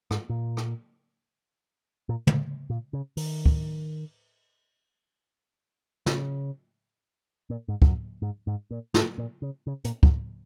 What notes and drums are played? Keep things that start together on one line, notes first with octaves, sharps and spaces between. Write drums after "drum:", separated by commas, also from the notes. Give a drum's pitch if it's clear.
G#2, drum: rim click
A#2
drum: rim click
A#2
A#2, drum: tom
A#2
C#3
D#3, drum: open hi-hat
drum: kick
C#3, drum: snare
A#2
G#2
G#2, drum: kick
F#2
G#2
G#2
A#2
G#2, drum: snare
A#2
C#3
C#3
A#2, drum: hi-hat
F#2, drum: kick